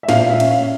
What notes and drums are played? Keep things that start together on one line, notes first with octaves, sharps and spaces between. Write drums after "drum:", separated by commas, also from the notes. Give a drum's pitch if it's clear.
E5
A#2 F5, drum: snare
E5
C#4, drum: cymbal
F5